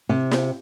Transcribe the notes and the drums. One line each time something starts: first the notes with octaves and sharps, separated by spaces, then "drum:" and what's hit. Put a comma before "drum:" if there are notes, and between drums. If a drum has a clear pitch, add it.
C3
drum: snare